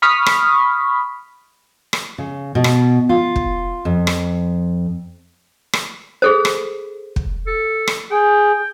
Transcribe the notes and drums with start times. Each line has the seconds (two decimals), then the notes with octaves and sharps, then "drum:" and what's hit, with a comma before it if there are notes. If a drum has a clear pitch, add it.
0.02 B5 C#6 D#6 F6 B6
0.26 drum: rim click
1.93 drum: rim click
2.18 C#3
2.55 B2
2.64 drum: rim click
3.09 F4
3.36 drum: kick
3.85 F2
4.07 drum: rim click
5.73 drum: rim click
6.22 G#4 A4 C5
6.45 drum: rim click
7.16 drum: kick
7.47 A4
7.88 drum: rim click
8.11 G#4 G5